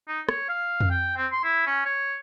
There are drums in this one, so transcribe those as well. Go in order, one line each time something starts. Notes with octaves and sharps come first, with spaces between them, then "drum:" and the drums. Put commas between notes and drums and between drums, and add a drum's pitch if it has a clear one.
D#4
C#5, drum: rim click
F5
drum: tom F2
G5
C4
C6
E4
C#4
C#5